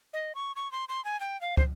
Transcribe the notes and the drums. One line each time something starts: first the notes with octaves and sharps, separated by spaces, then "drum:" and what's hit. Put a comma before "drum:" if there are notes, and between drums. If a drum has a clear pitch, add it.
D#5
C#6
C#6
C6
C6
G#5
G5
F5
C5, drum: kick